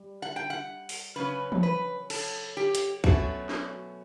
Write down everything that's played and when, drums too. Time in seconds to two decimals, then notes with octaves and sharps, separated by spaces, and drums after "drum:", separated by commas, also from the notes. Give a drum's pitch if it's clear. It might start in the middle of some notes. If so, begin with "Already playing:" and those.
Already playing: G3
0.22 F#5
0.36 G5
0.50 F#5
0.89 drum: open hi-hat
1.16 C#3 F#3 C#4 B4
1.52 drum: tom E3
1.63 B4
2.10 A4, drum: cymbal
2.57 G4
2.75 drum: hi-hat
3.04 B2 F#3 A3 C#4 F#4, drum: kick
3.49 drum: snare